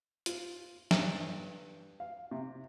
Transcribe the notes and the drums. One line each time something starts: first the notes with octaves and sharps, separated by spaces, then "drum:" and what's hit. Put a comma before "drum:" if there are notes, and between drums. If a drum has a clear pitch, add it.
F4, drum: hi-hat
G2, drum: snare
F5
C3